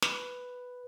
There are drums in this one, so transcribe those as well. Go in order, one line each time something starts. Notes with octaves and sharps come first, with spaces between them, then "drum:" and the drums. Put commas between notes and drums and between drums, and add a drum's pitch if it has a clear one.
B4, drum: snare